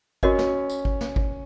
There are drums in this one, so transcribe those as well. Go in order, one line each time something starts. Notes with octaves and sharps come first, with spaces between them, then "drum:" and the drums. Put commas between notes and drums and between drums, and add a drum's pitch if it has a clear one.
C#4 F#4 A#4 D#5, drum: kick G#1
drum: snare
drum: tambourine
drum: kick G#1
drum: snare
drum: kick G#1